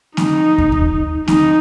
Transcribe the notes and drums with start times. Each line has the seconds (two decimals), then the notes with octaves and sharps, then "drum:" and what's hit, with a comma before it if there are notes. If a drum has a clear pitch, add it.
0.17 D#4, drum: snare A#3
0.58 drum: kick
0.72 drum: kick
1.28 D#4, drum: snare A#3